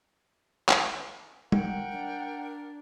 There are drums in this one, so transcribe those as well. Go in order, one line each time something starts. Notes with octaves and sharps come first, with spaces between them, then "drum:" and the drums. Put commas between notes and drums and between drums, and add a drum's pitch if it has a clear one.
drum: clap
A#4 F#5 G5, drum: tom
D4